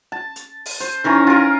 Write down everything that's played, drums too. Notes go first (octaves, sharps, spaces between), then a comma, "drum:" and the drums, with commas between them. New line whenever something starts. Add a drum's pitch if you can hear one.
A5
drum: hi-hat
drum: open hi-hat
C5, drum: hi-hat
D#3 E3 C#4 A#5
F4 A#4